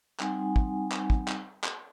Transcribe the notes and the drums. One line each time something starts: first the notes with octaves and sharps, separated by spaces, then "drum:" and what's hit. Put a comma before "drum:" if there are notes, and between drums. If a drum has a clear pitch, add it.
G3 C4 D#4 F#5 G#5, drum: clap
drum: kick
drum: clap
drum: kick
drum: clap
drum: clap